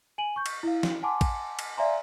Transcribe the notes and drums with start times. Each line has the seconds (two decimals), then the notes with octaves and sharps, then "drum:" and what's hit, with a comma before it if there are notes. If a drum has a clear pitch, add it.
0.18 G#5 D#7 F#7
0.36 C#6 G6
0.46 drum: cymbal
0.63 E4 F5
0.83 drum: snare
1.03 F#5 G#5 A5 C6 D6
1.21 drum: kick, cymbal
1.59 drum: cymbal
1.77 D5 E5 F5 G#5 A#5 C6